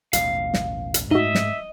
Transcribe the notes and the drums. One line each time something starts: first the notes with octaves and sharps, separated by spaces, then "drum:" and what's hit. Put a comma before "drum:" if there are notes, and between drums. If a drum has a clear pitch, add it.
A1 D#2 B2 F5, drum: hi-hat
drum: snare
drum: hi-hat
G#2 A3 D#4 F#4 D#5 E5
drum: snare